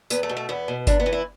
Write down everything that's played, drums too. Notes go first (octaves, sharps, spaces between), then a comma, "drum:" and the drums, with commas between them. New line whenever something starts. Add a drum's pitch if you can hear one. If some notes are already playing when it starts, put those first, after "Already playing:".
E2 B3, drum: tambourine
A3
B2
A3
E2 B3
B2
E2 D4, drum: kick G1, tambourine
B3
E3
E4